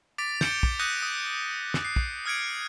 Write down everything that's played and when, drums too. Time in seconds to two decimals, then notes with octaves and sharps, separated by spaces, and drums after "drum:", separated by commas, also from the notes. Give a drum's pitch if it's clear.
0.18 D6 A6 B6 D7
0.41 G6 C#7 D7 E7 G7, drum: snare
0.63 drum: kick
0.79 D#6 F#6 G6 A#6 C#7 D#7
1.02 D#6
1.74 drum: snare
1.85 C7
1.96 drum: kick
2.25 D#6 F6 G#6 C#7 D7